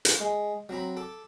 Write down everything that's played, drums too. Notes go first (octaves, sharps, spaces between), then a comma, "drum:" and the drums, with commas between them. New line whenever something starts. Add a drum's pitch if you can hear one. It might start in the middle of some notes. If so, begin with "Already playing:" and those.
drum: hi-hat
G#3
F#3 C4 A#5 B5
A4 D6